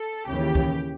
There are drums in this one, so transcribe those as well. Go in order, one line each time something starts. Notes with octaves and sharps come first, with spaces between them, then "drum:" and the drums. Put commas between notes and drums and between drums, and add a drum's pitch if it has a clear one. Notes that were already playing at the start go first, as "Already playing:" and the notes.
Already playing: A4
D#2 C#3 E3 G4
drum: kick